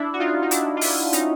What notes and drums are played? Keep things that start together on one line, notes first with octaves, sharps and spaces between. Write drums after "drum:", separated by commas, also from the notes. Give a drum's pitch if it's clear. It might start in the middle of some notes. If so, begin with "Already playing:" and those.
Already playing: D4 E4
F#4
D#4 F4
D#4
D4 E4, drum: hi-hat
F4
D4 E4, drum: open hi-hat
C#4 D#4, drum: hi-hat